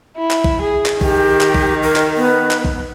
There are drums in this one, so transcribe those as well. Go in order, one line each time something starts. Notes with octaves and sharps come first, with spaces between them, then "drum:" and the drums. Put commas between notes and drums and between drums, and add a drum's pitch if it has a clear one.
E4
drum: clap
drum: kick
G#4
drum: clap
D#3 G4, drum: kick
drum: clap
drum: kick
A#4
drum: clap
B3
drum: clap
drum: kick